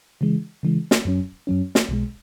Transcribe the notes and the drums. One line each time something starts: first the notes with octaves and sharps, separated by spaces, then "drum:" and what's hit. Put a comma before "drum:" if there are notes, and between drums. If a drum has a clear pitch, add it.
C#3 E3 G#3
C#3 E3 G#3
drum: snare
F#2 F#3 C#4
F#2 F#3 C#4
drum: snare
B1 B2 G#3